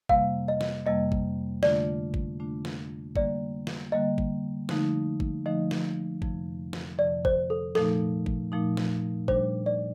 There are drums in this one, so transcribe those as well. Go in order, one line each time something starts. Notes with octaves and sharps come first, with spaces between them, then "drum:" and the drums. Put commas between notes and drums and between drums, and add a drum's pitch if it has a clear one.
F2 C3 G3 A#3 F5, drum: kick
D#5
drum: snare
F2 C3 G3 A#3 D#5
drum: kick
D3 A3 D4 F4 D5, drum: snare
drum: kick
D3 A3 D4 F4
drum: snare
D3 G3 A#3 D5, drum: kick
drum: snare
D3 G3 A#3 D#5
drum: kick
D3 F3 A3 D#4, drum: snare
drum: kick
D3 F3 A3 D#4 D#5
drum: snare
F2 C3 F3, drum: kick
drum: snare
F2 C3 F3 D5
C5, drum: kick
A4
A#2 F3 A3 D#4 A4, drum: snare
drum: kick
A#2 F3 A3 D#4
drum: snare
A#2 G3 D4 C5, drum: kick
D5